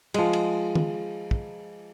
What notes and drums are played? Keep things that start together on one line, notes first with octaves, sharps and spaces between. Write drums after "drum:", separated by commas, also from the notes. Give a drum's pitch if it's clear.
F3 G#3, drum: cymbal
drum: cymbal
drum: tom D#3
drum: kick